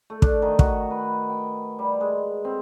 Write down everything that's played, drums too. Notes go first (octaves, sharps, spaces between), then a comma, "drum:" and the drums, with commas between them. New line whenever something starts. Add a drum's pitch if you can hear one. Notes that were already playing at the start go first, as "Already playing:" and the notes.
A3
D4, drum: kick
D#3
F#4, drum: kick
B4
G5
G3
G#3
C4